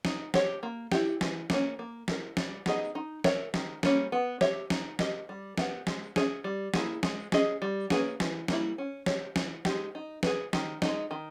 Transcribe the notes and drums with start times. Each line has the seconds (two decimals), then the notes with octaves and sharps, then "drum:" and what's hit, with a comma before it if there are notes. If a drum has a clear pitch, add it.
0.05 D#4, drum: snare
0.34 G4 C#5, drum: snare
0.63 A#3
0.92 E4 G4, drum: snare
1.21 E3, drum: snare
1.50 A#3 C#4, drum: snare
1.79 A#3
2.08 E4 A#4, drum: snare
2.37 G3, drum: snare
2.66 B3 D#4 G#4 D#5, drum: snare
2.95 D#4
3.24 A#4 C#5 E5, drum: snare
3.54 D#3, drum: snare
3.83 G3 A#3 C#4, drum: snare
4.12 B3
4.41 G4 C#5 E5, drum: snare
4.70 D#4, drum: snare
4.99 G4 A#4 D#5, drum: snare
5.29 G3
5.58 B3 G4 A#4 E5, drum: snare
5.87 G#3, drum: snare
6.16 C#4 G#4 C#5 E5, drum: snare
6.44 G3
6.74 A#3 E4 G#4, drum: snare
7.03 G#3, drum: snare
7.32 C#4 G#4 D#5, drum: snare
7.62 G3
7.90 A#3 C#4 G#4 B4, drum: snare
8.20 E3, drum: snare
8.48 G3 A#3 E4, drum: snare
8.78 C#4
9.06 G4 C#5, drum: snare
9.36 E3, drum: snare
9.65 G#3 D#4 G4, drum: snare
9.95 D#4
10.23 G#4 B4, drum: snare
10.53 D#3, drum: snare
10.82 G#3 D#4, drum: snare
11.11 D#3